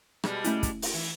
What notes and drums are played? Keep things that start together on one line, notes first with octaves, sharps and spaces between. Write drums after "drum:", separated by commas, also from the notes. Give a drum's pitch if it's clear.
B2 G3 G#3, drum: rim click
A3 C#4 E4, drum: hi-hat
drum: kick, hi-hat
drum: open hi-hat
E3